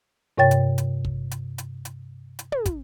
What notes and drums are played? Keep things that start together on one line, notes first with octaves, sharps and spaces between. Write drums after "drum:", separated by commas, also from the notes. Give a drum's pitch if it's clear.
G2 C3 C#5 G5 A6
drum: hi-hat
drum: hi-hat
drum: kick
drum: hi-hat
drum: hi-hat
drum: hi-hat
drum: hi-hat
drum: tom
drum: kick, hi-hat